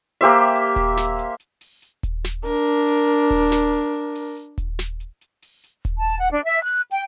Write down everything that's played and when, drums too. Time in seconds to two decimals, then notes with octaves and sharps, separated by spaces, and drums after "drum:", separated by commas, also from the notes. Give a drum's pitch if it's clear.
0.21 A#3 G4 C5 E5
0.55 drum: hi-hat
0.76 drum: kick D#1, hi-hat
0.97 drum: snare
1.18 drum: hi-hat
1.40 drum: hi-hat
1.61 drum: open hi-hat
1.82 drum: hi-hat
2.03 drum: kick D#1, hi-hat
2.24 drum: snare
2.45 D4 A#4, drum: hi-hat
2.67 drum: hi-hat
2.88 drum: open hi-hat
3.09 drum: hi-hat
3.30 drum: kick D#1, hi-hat
3.52 drum: snare
3.73 drum: hi-hat
4.15 drum: open hi-hat
4.36 drum: hi-hat
4.58 drum: kick D#1, hi-hat
4.79 drum: snare
5.00 drum: hi-hat
5.21 drum: hi-hat
5.42 drum: open hi-hat
5.64 drum: hi-hat
5.85 drum: kick D#1, hi-hat
5.99 A5
6.20 F#5
6.32 D4
6.45 E5
6.62 F#6
6.91 G5, drum: hi-hat